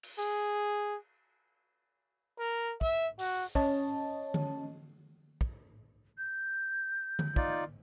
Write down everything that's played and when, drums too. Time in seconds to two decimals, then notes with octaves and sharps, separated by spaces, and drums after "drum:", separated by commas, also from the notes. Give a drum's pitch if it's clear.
0.03 drum: cymbal
0.19 G#4, drum: tambourine
2.38 A#4
2.81 E5, drum: kick
3.19 F#4, drum: open hi-hat
3.55 C#4 C#5 D#5 A5, drum: kick
4.34 drum: tom D3
5.41 drum: kick
6.18 G6
7.19 drum: tom D3
7.36 D#4 F4 D5, drum: kick